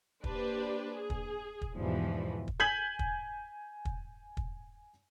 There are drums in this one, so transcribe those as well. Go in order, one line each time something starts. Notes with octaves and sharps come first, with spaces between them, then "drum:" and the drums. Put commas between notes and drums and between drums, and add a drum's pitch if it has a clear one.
A#3 D4 G4 B4 C5, drum: kick
G#4
drum: kick
drum: kick
E2 G#2 B2 E3 F3 G3
drum: kick
G#5 G6 G#6 B6 F#7
drum: kick
drum: kick
drum: kick